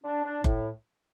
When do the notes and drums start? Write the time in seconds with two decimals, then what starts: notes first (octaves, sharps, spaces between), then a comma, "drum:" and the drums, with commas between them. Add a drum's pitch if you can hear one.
0.04 D4
0.24 D4
0.44 A2, drum: kick F#1